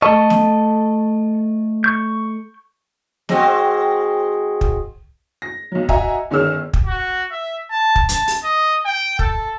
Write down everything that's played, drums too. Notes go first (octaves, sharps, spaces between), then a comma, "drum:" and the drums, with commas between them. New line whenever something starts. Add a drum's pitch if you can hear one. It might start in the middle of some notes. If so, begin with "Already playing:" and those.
A3 A4 D#5 A5 C#6
drum: snare
C#6 G6
G#3 C4 F#4, drum: snare
drum: kick
A#6
B1 F#3
F#4 D#5 E5 G#5 A#5, drum: kick
G1 D#3 C#4 G#4 E6 F6
drum: kick
F#4
E5
A5
drum: kick
A5, drum: hi-hat
drum: open hi-hat
D#5
G5
A4, drum: kick